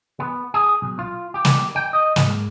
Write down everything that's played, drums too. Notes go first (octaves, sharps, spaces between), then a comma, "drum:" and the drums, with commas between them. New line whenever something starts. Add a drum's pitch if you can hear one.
B3
G#4
B1
F4
G4
drum: snare
G5
D#5
G#2, drum: snare